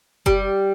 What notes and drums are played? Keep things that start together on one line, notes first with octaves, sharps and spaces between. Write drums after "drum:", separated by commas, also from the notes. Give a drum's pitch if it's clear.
G3, drum: kick F#1